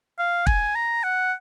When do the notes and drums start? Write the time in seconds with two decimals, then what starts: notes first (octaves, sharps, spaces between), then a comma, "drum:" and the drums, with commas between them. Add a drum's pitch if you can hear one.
0.18 F5
0.47 G#5, drum: kick
0.75 A#5
1.03 F#5